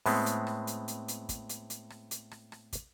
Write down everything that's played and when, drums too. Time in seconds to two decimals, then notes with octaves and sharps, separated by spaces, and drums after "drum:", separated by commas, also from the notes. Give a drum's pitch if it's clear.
0.06 A2 G#3 B3 C4, drum: open hi-hat
0.26 drum: hi-hat
0.47 drum: rim click
0.67 drum: hi-hat
0.88 drum: hi-hat
1.08 drum: hi-hat
1.29 drum: kick, hi-hat
1.49 drum: hi-hat
1.70 drum: hi-hat
1.90 drum: rim click
2.11 drum: hi-hat
2.31 drum: rim click
2.52 drum: rim click
2.73 drum: kick, hi-hat